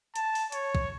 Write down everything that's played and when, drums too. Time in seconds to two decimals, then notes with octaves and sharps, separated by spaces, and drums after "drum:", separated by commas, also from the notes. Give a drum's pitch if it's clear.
0.16 A5, drum: hi-hat
0.35 drum: open hi-hat
0.52 C#5, drum: hi-hat
0.75 drum: kick